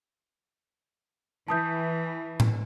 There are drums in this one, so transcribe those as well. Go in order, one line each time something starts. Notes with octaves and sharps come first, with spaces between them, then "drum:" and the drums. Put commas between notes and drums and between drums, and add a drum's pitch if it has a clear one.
E3 A5 D#6 G6
drum: tom A2